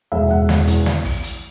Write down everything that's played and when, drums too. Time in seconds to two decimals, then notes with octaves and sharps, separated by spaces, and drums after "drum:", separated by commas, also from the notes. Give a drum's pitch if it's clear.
0.12 E1 E5
0.30 E1 F#5
0.49 E1, drum: snare
0.68 E2, drum: hi-hat
0.86 drum: snare
1.05 drum: kick, open hi-hat
1.23 drum: hi-hat